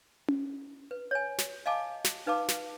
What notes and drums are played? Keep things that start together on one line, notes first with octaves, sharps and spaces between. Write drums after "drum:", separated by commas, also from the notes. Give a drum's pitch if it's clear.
drum: tom C#4
B4
C#5 G#5
drum: snare
D#5 F5 G#5 A5 D6
drum: snare
D#4 B4 F5 A5 D6
drum: snare